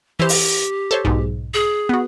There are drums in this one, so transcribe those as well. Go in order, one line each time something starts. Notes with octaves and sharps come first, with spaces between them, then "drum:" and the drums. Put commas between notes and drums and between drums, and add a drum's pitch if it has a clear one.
E3 G4 C5
drum: open hi-hat
A4 C5 C#5
B1 G#2
G#4
B3 F#4